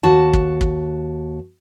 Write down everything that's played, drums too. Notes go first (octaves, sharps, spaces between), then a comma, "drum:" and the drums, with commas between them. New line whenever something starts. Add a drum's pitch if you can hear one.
D#2 F#4 A5
drum: kick
drum: kick